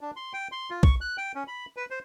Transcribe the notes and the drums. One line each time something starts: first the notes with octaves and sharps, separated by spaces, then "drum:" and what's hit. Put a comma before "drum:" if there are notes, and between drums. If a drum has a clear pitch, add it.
D4
C6
G5
C6
F4
C#6, drum: kick
F#6
G5
C#4
B5
B4
C5